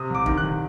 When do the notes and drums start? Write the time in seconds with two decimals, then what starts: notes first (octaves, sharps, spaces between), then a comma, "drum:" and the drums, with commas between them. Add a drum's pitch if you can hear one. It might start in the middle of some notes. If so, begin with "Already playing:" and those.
Already playing: C3 D#6
0.10 C2 D6
0.26 D#3, drum: kick
0.37 F#6
0.43 C2